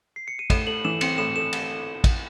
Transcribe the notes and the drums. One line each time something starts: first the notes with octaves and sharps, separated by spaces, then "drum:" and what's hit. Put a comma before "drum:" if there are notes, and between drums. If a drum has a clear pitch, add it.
C7
C#7
D#7
A2 E7, drum: kick, cymbal
A3 F#7
E3 E7
C4 C#7, drum: cymbal
A2 E7
A3 E7
drum: cymbal
drum: kick, cymbal